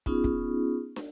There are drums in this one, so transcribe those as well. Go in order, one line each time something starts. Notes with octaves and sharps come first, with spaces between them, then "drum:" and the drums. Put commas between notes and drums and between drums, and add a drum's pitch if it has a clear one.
B3 C#4 D#4 F4 G#4, drum: kick
drum: kick
drum: snare